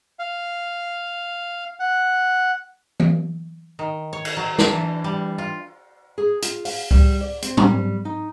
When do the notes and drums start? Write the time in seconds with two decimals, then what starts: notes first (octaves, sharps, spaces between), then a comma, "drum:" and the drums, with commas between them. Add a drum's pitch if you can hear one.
0.19 F5
1.80 F#5
3.00 drum: tom E3
3.79 D#3
4.13 C#5
4.25 drum: cymbal
4.37 F#3
4.58 D4, drum: snare
4.71 E3
5.04 G3
5.38 F4
6.18 G#4
6.42 F4, drum: hi-hat
6.65 F5, drum: open hi-hat
6.91 G3, drum: kick C#2
7.21 D5
7.42 C4, drum: hi-hat
7.57 G3, drum: tom
8.05 D#4